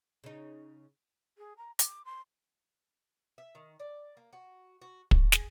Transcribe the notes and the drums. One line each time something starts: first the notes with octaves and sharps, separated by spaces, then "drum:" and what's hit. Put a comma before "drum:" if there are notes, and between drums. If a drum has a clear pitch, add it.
C#3 D#4
G#4
A#5
D6, drum: hi-hat
C6
E5
D#3
D5
A#3
F#4
F#4
F#4, drum: kick
G#4, drum: snare